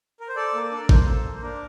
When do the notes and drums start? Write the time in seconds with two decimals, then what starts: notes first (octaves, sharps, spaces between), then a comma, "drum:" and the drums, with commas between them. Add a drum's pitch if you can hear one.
0.20 A#4
0.29 C5
0.36 A4 D5
0.54 A#3
0.72 D4 A4
0.80 A#4
0.89 A#3 C5, drum: kick
1.07 A4
1.25 A#3
1.36 C5
1.42 D4 A#4